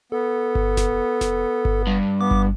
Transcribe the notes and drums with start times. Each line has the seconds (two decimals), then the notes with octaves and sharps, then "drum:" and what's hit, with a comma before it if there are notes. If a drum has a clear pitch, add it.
0.12 B3 A4
0.55 drum: kick G1
0.77 drum: snare F1
1.21 drum: snare F1
1.65 drum: kick G1
1.87 G2
2.21 B3 D6
2.31 drum: kick G1